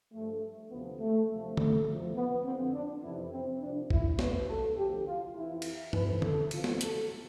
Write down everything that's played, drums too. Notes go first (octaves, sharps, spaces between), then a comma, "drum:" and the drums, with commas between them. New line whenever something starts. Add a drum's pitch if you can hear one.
G2 F3 A3
D2 C3 F3 B3
A3
D2 C3 F3
A3, drum: tom
E2 C3 F3
B3
F2 D3 F3 C4
D4
F2 C3 E3 E4
C4
C2 C3 F3 D4
E4, drum: kick A#1
D2 C3 F3 B4, drum: snare
A4
D2 C3 F3 G4
F4
F2 E3 E4
drum: cymbal
D2 C3 E3 B4, drum: tom G2
A4, drum: tom
F2 C3 E3 F4, drum: cymbal
drum: snare
A4, drum: hi-hat